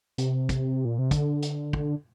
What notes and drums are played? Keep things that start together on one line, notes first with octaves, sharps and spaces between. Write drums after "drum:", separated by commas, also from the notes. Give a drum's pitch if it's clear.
C3, drum: hi-hat
drum: kick, hi-hat
A#2
C3
D3, drum: kick, hi-hat
drum: hi-hat
drum: kick